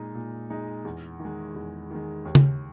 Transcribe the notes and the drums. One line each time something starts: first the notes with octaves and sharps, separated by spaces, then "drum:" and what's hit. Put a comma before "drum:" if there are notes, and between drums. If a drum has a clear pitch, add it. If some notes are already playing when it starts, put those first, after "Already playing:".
Already playing: A#2 G#3 D#4
A#2
G#3 D#4
E2
D#3
G#3
E2
D#3 G#3
D#2
drum: tom C#3